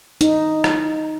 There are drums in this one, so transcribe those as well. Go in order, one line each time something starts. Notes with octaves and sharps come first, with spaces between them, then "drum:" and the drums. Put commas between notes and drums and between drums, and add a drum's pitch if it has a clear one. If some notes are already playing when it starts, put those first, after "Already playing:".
D#4, drum: hi-hat
drum: rim click